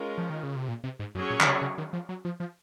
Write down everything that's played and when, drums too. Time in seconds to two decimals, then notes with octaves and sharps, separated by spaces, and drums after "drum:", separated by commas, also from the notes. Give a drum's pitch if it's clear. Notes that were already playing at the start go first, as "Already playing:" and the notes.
Already playing: G#3 C#4 F4 A#4
0.18 F3
0.30 D#3
0.43 C#3
0.56 C3
0.68 A#2
0.84 C3
0.99 G#2
1.15 F#2 F#3 C#4 G#4 C#5
1.30 A#2
1.41 D#3, drum: clap
1.46 C#3
1.62 C#3
1.78 D#3
1.93 F3
2.09 F#3
2.25 F3
2.40 F3